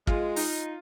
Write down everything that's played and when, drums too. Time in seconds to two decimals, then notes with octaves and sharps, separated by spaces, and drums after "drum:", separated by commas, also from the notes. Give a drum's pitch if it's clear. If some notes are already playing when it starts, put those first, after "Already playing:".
0.07 G#3 F4, drum: kick
0.36 D#4, drum: open hi-hat